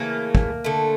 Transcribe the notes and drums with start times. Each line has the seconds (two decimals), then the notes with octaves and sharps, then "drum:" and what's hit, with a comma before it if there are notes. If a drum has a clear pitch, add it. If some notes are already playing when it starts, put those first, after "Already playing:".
Already playing: C#3 E3 A3 A#3
0.35 drum: kick
0.64 D3 A3